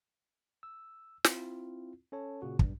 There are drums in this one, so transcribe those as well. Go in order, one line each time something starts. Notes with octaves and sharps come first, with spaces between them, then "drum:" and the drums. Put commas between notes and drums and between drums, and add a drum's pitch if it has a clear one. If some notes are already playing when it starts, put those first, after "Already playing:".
E6
C4 E4 F4, drum: snare
C#4 A4 C#5 A5
A#2 C#3 F#4
B1 G2, drum: kick